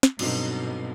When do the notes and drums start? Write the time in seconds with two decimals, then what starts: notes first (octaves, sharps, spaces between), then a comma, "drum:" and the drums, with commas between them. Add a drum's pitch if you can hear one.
0.03 drum: snare
0.19 G2 B2 F#3 C4 D#4 A4, drum: cymbal